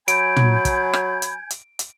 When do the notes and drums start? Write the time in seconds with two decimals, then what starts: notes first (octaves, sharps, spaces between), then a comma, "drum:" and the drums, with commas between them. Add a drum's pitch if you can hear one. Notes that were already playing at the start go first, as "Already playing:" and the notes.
0.08 F#3 G#5 B5 G6 G#6 D7, drum: hi-hat
0.36 drum: tom
0.65 drum: kick, hi-hat
0.93 drum: rim click
1.22 drum: hi-hat
1.50 drum: hi-hat
1.79 drum: hi-hat